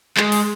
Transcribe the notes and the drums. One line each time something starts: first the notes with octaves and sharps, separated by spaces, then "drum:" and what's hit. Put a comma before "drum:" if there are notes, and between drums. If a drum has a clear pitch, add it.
G#3, drum: clap
drum: open hi-hat